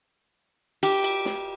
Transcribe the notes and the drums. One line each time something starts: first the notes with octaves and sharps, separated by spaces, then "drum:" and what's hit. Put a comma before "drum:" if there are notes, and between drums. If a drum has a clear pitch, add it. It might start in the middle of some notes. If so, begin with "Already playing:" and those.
G4, drum: cymbal
drum: cymbal
drum: snare